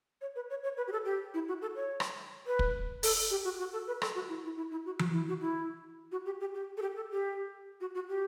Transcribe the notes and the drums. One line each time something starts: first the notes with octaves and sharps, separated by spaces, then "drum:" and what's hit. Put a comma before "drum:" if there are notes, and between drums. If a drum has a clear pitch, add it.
C#5
B4
C#5
C#5
B4
G4
A4
G4
E4
F#4
A4
C#5
drum: rim click
B4
drum: kick
A4, drum: open hi-hat
G4
F#4
F#4
A4
B4
A4, drum: rim click
F#4
E4
E4
E4
E4
F#4
F#4, drum: tom E3
E4
F#4
E4
F#4
G4
G4
G4
A4
G4
A4
G4
F#4
F#4
G4